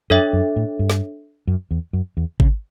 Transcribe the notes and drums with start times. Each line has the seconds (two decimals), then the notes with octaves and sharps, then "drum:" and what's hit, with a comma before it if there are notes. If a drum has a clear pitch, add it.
0.10 F#2 D4 A4 C#5 E5
0.33 F#2
0.56 A2
0.79 G2
0.90 drum: snare
1.47 F#2
1.71 E2
1.93 F#2
2.17 E2
2.40 C#3, drum: kick G#1